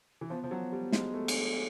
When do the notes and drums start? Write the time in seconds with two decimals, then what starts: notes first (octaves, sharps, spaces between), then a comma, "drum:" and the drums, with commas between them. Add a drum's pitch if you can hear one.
0.21 E3
0.30 F3 B3
0.44 F3
0.51 F#3
0.72 G3
0.92 G#3, drum: snare
1.14 A3
1.28 drum: cymbal